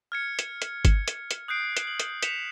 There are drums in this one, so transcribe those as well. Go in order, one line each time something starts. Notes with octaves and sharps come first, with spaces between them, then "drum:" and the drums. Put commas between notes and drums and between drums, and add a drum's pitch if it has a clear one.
F6 G#6 C#7
drum: hi-hat
drum: hi-hat
drum: kick G1, hi-hat
drum: hi-hat
drum: hi-hat
D#6 F#6 G6 C7 D7
drum: hi-hat
F#7
drum: hi-hat
B6 C#7 E7 F7, drum: hi-hat